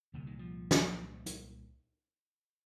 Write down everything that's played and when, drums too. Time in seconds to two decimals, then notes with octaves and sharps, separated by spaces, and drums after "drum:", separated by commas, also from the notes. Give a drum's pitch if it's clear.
0.14 C2 A#2 D3
0.27 D#3
0.39 F3
0.71 drum: snare
1.26 F#3, drum: hi-hat